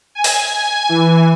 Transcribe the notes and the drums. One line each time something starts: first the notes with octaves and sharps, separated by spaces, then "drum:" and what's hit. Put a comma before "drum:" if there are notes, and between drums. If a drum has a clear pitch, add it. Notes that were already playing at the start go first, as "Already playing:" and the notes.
G#5
drum: open hi-hat
G#5
E3